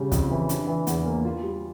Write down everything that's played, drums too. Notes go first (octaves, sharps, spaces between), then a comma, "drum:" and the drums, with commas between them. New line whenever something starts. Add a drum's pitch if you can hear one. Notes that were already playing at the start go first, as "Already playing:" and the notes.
Already playing: C#3 G3
F2, drum: kick, hi-hat
E3
D4, drum: hi-hat
E3
E2, drum: hi-hat
A#3
F4
G3